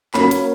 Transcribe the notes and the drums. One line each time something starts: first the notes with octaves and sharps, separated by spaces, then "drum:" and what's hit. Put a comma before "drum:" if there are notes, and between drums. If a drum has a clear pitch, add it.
F#3 A#3 C#4 B5, drum: clap
drum: hi-hat